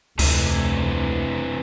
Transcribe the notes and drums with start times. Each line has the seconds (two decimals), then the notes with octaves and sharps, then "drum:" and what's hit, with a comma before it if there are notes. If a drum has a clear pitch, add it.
0.19 F1 D2 C3 E3, drum: open hi-hat